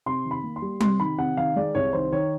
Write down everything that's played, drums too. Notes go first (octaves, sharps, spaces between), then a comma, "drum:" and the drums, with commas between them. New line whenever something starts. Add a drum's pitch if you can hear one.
C3 C6
D#3
B5
A#3
C6
G3
C3 C6, drum: tom G3
D#3 B5
C3 F#5
D#3 F5
G#3 D5
C2 C#5
D#3 C5
D#3 C#5